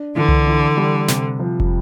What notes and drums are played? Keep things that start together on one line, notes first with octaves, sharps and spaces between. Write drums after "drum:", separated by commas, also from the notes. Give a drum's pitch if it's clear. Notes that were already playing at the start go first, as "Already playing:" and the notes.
Already playing: D4
D3 E3
drum: tom C2
E3
G3
C3, drum: snare
F3
drum: kick